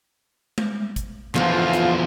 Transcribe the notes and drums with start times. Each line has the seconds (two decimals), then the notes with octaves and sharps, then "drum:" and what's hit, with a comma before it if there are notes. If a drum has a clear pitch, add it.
0.58 drum: tom
0.96 drum: kick, hi-hat
1.35 E2 D3 F3 B3 F4, drum: clap
1.73 drum: hi-hat